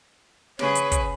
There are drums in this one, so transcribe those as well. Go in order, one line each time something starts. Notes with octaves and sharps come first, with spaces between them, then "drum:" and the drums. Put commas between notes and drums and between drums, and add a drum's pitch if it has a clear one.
C#3 G#4 B4 C#5, drum: snare
drum: hi-hat
drum: kick, hi-hat